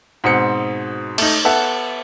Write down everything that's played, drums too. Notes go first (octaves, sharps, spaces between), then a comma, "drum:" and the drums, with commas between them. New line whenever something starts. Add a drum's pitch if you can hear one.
G#2 B2 C4 C#7
A3 D#4, drum: cymbal
B3 A4 E5 F#5